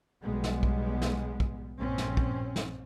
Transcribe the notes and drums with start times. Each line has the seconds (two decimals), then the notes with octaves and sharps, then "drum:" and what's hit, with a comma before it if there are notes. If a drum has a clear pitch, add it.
0.22 B1 G3 G#3 B3
0.44 drum: snare
0.63 drum: kick
1.02 drum: snare
1.40 drum: kick
1.79 A#1 G2 C4 C#4
1.98 drum: snare
2.17 drum: kick
2.56 drum: snare